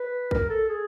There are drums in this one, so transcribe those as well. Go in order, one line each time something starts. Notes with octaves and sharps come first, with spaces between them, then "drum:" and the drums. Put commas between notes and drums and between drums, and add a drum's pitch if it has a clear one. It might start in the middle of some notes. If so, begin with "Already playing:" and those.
Already playing: B4
A#4, drum: kick
A4
G#4